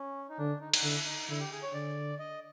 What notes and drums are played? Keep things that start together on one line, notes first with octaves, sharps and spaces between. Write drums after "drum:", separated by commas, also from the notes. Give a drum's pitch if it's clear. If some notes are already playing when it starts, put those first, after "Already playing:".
Already playing: C#4
D#4
D3 D4
D#4
D#4, drum: cymbal
D3 E4
D#4
D3 E4
G4
G#4
C#5
D3 D5
D#5